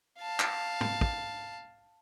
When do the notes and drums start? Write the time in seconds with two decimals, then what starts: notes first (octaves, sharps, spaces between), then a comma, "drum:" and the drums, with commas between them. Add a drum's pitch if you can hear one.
0.19 F5 A5
0.39 drum: clap
0.81 drum: tom
1.01 drum: kick